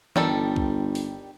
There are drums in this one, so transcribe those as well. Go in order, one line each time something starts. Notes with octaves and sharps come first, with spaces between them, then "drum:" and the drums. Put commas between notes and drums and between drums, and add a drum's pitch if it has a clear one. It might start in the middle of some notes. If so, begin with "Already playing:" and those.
G1 D#3 G3 A4, drum: tom E3
drum: kick C2
drum: open hi-hat